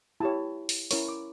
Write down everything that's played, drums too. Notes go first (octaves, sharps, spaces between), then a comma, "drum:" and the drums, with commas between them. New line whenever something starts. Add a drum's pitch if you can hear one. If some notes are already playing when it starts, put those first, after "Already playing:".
E4 G4 C#5 A5
drum: open hi-hat
C#4 E4 A#4 C#5 C#6, drum: open hi-hat
D6